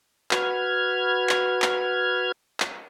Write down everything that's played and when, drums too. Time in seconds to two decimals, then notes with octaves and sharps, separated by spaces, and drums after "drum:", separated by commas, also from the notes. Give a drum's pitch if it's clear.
0.31 F#4 B4 F6 G#6, drum: clap
1.29 drum: clap
1.62 drum: clap
2.60 drum: clap